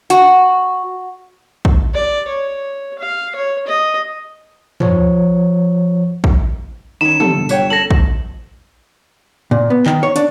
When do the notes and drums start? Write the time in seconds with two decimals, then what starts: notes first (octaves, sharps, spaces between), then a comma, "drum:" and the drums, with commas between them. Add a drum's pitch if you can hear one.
0.10 F#4, drum: hi-hat
1.65 drum: kick
1.94 D5
2.28 C#5
2.99 F5
3.36 C#5
3.67 D#5
4.80 F3 C#5, drum: tom
6.24 drum: kick
7.01 D#3 C#4 B5 E7
7.20 C3 A4, drum: tom
7.35 G1
7.49 B4 C#5 G5, drum: tambourine
7.70 C#4 A4 A#6 F#7
7.91 drum: kick
9.51 A#2
9.70 B3
9.86 D#3, drum: clap
10.03 C#5
10.16 D4, drum: hi-hat